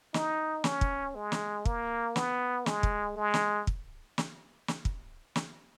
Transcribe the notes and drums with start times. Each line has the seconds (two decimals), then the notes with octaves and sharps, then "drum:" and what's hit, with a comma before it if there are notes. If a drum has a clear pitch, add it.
0.14 D#4, drum: snare
0.64 C#4, drum: snare
0.81 drum: kick
1.15 G#3
1.32 drum: snare
1.65 A#3, drum: kick
2.16 B3, drum: snare
2.66 G#3, drum: snare
2.83 drum: kick
3.17 G#3
3.34 drum: snare
3.67 drum: kick
4.18 drum: snare
4.68 drum: snare
4.85 drum: kick
5.36 drum: snare